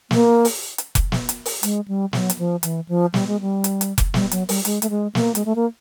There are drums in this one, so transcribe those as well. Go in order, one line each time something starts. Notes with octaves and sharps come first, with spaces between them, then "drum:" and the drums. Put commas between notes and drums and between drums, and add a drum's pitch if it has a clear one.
A#3, drum: snare
drum: open hi-hat
drum: hi-hat
drum: kick F1, hi-hat
drum: snare
drum: hi-hat
drum: open hi-hat
G#3, drum: hi-hat
G3
F#3, drum: snare
drum: hi-hat
F3
E3, drum: hi-hat
F3
G3, drum: snare
G#3
G3
drum: hi-hat
drum: hi-hat
drum: kick F1, hi-hat
G3, drum: snare
F#3, drum: hi-hat
G3, drum: open hi-hat
G#3, drum: hi-hat
A3, drum: hi-hat
G#3
A#3, drum: snare
G#3, drum: hi-hat
A3
A#3